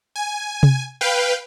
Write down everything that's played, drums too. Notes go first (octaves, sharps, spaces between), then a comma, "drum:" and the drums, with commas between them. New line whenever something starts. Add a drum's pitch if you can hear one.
G#5
drum: tom C3
B4 F5 G5